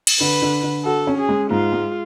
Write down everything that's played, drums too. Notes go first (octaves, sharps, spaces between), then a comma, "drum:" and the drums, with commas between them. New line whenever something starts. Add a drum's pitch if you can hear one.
drum: cymbal
D3 B4
D3
D3
F#4 A4
C#4
G#4
G#3
G#2 F4
G#3